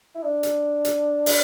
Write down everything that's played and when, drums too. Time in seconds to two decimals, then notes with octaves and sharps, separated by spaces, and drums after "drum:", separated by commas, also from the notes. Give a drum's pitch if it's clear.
0.15 E4
0.22 D4
0.43 drum: hi-hat
0.85 drum: hi-hat
1.26 drum: open hi-hat